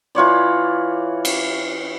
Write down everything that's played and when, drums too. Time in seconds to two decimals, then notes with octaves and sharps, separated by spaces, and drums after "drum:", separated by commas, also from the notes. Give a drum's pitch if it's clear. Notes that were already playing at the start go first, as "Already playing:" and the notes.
0.15 E3 F4 C#5 D5
1.25 drum: cymbal